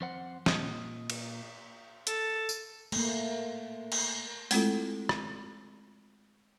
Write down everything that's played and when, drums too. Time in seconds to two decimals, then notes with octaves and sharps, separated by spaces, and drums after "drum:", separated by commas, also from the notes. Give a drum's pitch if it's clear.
0.01 F2 C5 F#5
0.46 A#2 D#5, drum: snare
1.10 drum: cymbal
2.07 A4, drum: hi-hat
2.49 drum: tambourine
2.92 A3 A#3, drum: cymbal
3.92 drum: cymbal
4.51 G#3 A3 C4 E4 F4 A4, drum: open hi-hat
5.09 drum: rim click